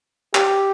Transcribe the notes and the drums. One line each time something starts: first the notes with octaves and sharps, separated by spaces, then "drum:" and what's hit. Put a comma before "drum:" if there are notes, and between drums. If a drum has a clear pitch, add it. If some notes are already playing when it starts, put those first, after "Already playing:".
G4, drum: clap